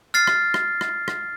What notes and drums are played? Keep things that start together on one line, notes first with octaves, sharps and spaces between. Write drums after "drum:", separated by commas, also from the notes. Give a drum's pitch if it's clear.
F6 A6 C7
drum: rim click
drum: rim click
drum: rim click
drum: rim click